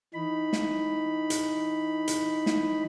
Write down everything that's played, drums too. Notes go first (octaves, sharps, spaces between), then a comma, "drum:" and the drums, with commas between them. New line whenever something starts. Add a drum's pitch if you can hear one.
E3 D#4 B5
drum: snare
drum: hi-hat
drum: hi-hat
drum: snare